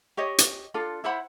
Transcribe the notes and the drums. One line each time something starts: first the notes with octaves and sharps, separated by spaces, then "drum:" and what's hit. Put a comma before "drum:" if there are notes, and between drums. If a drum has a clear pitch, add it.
G4 C#5 D#5
drum: hi-hat
D4 F4 A4
E4 C5 F#5 B5